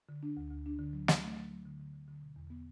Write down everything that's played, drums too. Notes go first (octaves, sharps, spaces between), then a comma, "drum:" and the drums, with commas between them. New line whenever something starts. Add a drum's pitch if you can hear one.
D3
D4
D2
D2
D4
D3
F#3
F#3, drum: snare
A3
F#3
F#3
D3
D3
D3
D3
B2
E2
B3